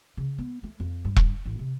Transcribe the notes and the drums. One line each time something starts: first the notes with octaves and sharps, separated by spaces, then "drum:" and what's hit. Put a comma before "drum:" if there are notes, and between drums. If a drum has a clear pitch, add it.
C#3
B3
A3
F2
G2
drum: kick E1
A1
C3